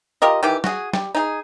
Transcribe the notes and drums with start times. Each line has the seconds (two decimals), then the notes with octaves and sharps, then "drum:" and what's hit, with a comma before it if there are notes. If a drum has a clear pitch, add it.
0.22 F4 G4 A#4 D#5
0.43 D#3 E3 G4
0.64 F#4 G#4, drum: snare
0.93 G3, drum: snare
1.15 D#4 G#4